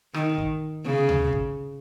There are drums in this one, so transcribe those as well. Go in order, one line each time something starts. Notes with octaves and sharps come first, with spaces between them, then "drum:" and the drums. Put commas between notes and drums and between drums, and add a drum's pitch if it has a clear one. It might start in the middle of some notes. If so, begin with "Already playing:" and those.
D#3, drum: rim click
drum: kick
C#3
drum: tom D2
drum: kick